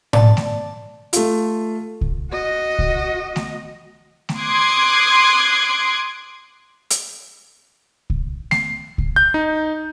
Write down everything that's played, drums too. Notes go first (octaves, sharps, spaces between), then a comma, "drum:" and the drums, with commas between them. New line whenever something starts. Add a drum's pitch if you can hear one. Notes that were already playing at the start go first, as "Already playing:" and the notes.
D5 A5, drum: tom A2
drum: snare A3
A3 F4, drum: hi-hat
drum: kick C2
F#4 D#5
drum: kick C2
drum: snare A3
drum: snare A3
C6 D6 D#6 F#6 G#6
drum: hi-hat
drum: kick C2
C7, drum: snare A3
drum: kick C2
G6
D#4